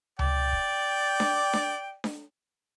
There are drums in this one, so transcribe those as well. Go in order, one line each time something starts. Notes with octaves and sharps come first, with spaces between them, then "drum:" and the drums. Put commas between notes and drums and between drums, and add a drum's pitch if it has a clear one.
D5 G5, drum: tom C#2
drum: kick
drum: snare D4
drum: snare D4
drum: snare D4